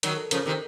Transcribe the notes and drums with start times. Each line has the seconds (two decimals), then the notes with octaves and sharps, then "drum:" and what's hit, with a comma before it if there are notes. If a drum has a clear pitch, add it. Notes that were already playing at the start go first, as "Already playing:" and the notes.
0.03 D#3 F#3 A#4, drum: hi-hat
0.17 A4
0.31 C#3 F3 A#4, drum: hi-hat
0.46 C3 D#3